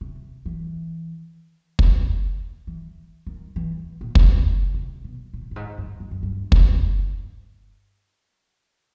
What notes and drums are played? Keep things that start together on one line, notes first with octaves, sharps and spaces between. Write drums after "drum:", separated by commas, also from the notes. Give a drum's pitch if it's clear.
C3
E3
drum: kick
E3
D#3
E3
A#2
drum: kick
C3
C3
B2
A#2
G2
G#2
G2
F#2
F#2
G2
drum: kick